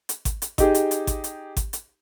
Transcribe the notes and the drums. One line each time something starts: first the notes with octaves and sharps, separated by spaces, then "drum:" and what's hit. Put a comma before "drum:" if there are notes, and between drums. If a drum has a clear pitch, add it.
drum: hi-hat
drum: kick G#1, hi-hat
drum: hi-hat
D#4 G4 G#4, drum: kick G#1, hi-hat
drum: hi-hat
drum: hi-hat
drum: kick G#1, hi-hat
drum: hi-hat
drum: kick G#1, hi-hat
drum: hi-hat